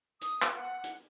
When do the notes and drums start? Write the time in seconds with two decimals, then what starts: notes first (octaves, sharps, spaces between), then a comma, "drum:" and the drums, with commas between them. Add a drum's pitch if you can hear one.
0.21 D#6, drum: hi-hat
0.42 drum: clap
0.56 F#5
0.84 drum: hi-hat